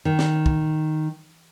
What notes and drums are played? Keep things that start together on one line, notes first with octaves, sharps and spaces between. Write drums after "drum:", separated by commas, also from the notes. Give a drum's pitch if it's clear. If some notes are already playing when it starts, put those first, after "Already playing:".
D#3
drum: snare
drum: kick